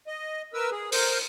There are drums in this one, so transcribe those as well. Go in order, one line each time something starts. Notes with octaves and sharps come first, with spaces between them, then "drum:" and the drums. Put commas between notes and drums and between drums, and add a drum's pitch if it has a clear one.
D#5
A#4 B4 E6
G#4
A#4 C5, drum: open hi-hat